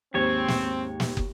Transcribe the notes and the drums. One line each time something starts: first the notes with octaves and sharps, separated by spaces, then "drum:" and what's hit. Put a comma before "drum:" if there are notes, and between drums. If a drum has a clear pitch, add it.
D#2 G#2 C4 C#5
drum: snare
drum: snare
drum: kick